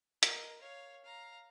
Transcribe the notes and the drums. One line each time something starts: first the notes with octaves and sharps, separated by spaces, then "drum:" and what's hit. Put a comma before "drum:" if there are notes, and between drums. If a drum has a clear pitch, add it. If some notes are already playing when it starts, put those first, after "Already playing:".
A#4 D#5, drum: hi-hat
C#5 F5
F5 A#5